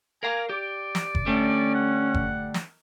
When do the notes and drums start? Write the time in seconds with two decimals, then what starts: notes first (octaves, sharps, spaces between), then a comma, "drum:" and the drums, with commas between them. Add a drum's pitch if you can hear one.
0.23 A#4 F5 G#5 A#5
0.49 G4 D5
0.95 drum: snare
1.15 drum: kick F#1
1.26 D3 G3 A3 C#4
1.75 F#5
2.14 drum: kick F#1
2.54 drum: snare